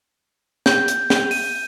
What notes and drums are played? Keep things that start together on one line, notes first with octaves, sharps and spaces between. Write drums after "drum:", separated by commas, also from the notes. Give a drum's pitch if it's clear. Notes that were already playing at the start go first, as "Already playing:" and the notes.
G6, drum: snare
drum: hi-hat
drum: snare
D#7, drum: open hi-hat